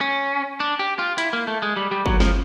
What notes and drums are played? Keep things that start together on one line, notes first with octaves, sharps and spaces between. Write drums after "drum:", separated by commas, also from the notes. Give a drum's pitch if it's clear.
C#4
D4
G4
F4
E4, drum: hi-hat
A#3
A3
G#3
G3
G3
F#3, drum: kick G1
F3, drum: snare